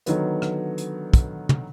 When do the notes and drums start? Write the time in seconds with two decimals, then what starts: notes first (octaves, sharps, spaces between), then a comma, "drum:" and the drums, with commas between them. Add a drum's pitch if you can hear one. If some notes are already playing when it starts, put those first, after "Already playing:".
0.06 D3 D#3 F#3 B3, drum: hi-hat
0.42 drum: rim click
0.78 drum: hi-hat
1.14 drum: kick, hi-hat
1.49 drum: tom